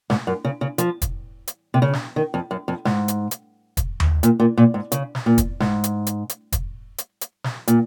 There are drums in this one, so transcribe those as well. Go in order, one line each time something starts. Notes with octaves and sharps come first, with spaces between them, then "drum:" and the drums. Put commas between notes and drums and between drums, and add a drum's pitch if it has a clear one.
G#2, drum: snare
F#2
C#3
C#3
F3, drum: hi-hat
drum: kick, hi-hat
drum: hi-hat
C3
C#3
drum: snare
D#3
F2
F#2
F2
G#2, drum: snare
drum: hi-hat
drum: hi-hat
drum: kick, hi-hat
drum: tom D#2
A#2, drum: hi-hat
A#2
A#2
G#2
C#3, drum: hi-hat
drum: snare
A#2
drum: kick, hi-hat
G#2, drum: snare
drum: hi-hat
drum: hi-hat
drum: hi-hat
drum: kick, hi-hat
drum: hi-hat
drum: hi-hat
drum: snare
A#2, drum: hi-hat